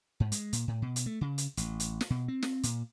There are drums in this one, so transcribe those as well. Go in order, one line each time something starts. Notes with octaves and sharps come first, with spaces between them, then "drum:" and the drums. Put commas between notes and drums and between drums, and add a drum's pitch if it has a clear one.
G#2
G#3, drum: hi-hat
A#2, drum: hi-hat
A2
B2
drum: hi-hat
A3
C#3
drum: hi-hat
A1, drum: hi-hat
drum: hi-hat
drum: snare
B2
C4
drum: snare
A#2, drum: hi-hat